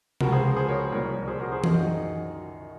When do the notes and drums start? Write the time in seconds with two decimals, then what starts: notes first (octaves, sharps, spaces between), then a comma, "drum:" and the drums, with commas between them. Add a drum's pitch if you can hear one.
0.21 C#2 C#3 F3 F#4 A#4, drum: tom C3
0.32 G#4 C5
0.56 G#4 C5
0.68 A#4 C#5
0.92 C2 A#2 F3 A#4 C#5
1.28 G#4 C5
1.40 F#4 A#4
1.52 G#4 C5
1.64 F#2 D#3 F4 G#4, drum: tom E3
1.72 D#4 F#4